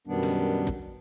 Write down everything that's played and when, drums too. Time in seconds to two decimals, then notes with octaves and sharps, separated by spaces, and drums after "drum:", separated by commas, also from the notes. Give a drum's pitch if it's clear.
0.07 F#2 B2 D#3 G3 B3 D4
0.23 drum: snare
0.67 drum: kick